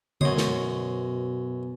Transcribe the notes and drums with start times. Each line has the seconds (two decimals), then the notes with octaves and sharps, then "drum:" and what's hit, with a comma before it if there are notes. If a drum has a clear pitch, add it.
0.21 F#2 B2 C5 C#5 D#5 D#6, drum: tom D3
0.37 drum: snare